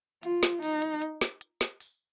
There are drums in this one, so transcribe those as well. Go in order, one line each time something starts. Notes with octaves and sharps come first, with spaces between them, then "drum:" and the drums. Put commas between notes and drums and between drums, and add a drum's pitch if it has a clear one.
F4, drum: hi-hat
drum: snare
D#4, drum: open hi-hat
drum: hi-hat
drum: hi-hat
drum: snare
drum: hi-hat
drum: snare
drum: open hi-hat